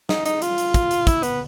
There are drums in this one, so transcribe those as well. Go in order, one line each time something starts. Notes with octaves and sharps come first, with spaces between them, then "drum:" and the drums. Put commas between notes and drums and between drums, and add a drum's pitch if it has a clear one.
D#4, drum: snare
D#4, drum: hi-hat
F4, drum: hi-hat
drum: hi-hat
drum: kick, hi-hat
drum: hi-hat
E4, drum: kick, hi-hat
B3, drum: hi-hat